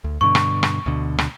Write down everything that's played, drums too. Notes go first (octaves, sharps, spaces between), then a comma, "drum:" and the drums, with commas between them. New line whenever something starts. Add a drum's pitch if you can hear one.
D2
G2 B2 D3 C#6
drum: rim click
drum: rim click
D2 B2 D3
drum: rim click